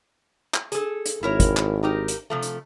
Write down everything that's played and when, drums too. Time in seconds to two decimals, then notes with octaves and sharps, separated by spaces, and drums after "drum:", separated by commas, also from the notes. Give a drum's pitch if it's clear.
0.54 drum: clap
0.72 G#4 A4, drum: hi-hat
1.06 drum: hi-hat
1.23 G#1 E4 A#4 C#5
1.40 drum: kick, hi-hat
1.57 drum: clap
1.83 D#4 G4 A#4
2.08 drum: hi-hat
2.30 C3 F3 A3
2.42 drum: hi-hat